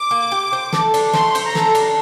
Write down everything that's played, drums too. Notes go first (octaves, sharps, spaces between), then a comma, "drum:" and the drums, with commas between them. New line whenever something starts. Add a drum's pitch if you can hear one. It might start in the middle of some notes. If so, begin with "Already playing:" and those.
Already playing: D6
A#3
G4
C5
A4, drum: snare
D4, drum: cymbal
A3 C6, drum: snare
C5, drum: cymbal
A#5
A4, drum: snare
D4, drum: cymbal